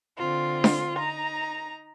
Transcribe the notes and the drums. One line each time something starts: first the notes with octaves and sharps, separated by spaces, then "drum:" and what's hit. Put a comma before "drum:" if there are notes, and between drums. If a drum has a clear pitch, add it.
D3 C4 F4
drum: snare D4
D#4 A#5